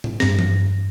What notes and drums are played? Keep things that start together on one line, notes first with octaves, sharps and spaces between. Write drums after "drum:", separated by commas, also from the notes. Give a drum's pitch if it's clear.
drum: tom G#2
G2 A#6, drum: snare
drum: tom E3